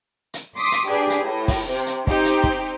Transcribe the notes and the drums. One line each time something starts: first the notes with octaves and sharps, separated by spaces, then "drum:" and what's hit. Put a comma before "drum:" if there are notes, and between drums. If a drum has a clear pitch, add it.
drum: hi-hat
C6 D6 D#6 B6
drum: hi-hat
D4 G4 G#4 B4
drum: hi-hat
A2
drum: kick, open hi-hat
C3
drum: hi-hat
C4 D#4 G4, drum: kick
drum: hi-hat
drum: kick